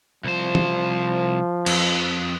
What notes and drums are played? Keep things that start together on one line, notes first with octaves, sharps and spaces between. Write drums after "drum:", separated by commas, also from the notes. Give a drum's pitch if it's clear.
C2 F3 C5
drum: tom
F2, drum: cymbal